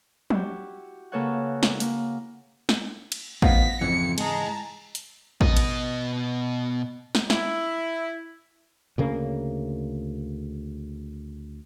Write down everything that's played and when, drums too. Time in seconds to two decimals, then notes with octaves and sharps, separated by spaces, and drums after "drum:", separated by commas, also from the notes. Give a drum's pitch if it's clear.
0.30 E4 F#4 G4, drum: tom
1.12 C#3 A#3 A4 B4 C#5 F#5
1.63 drum: snare
1.80 A#3, drum: hi-hat
2.69 drum: snare
3.12 drum: cymbal
3.42 A2 F3 B3 D#5 F5 F#5 A#6 B6, drum: kick A1
3.81 F2 G#2 C#3 E3 C#7
4.18 G#3 G#4 A5 A#5, drum: cymbal
4.95 drum: hi-hat
5.41 B2 D#5, drum: kick A1
5.57 drum: cymbal
7.15 drum: snare
7.30 E4, drum: snare
8.98 D2 C#3 A#3